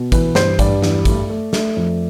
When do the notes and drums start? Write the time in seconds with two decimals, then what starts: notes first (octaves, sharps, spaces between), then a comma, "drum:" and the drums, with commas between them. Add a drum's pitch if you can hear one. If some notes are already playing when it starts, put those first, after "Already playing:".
Already playing: B2
0.12 E3 B4, drum: kick, hi-hat
0.35 G2 C5, drum: snare
0.59 G2 D5, drum: kick, hi-hat
0.82 E2, drum: snare
1.05 A3, drum: kick, hi-hat
1.30 A3
1.53 A3, drum: snare
1.76 F2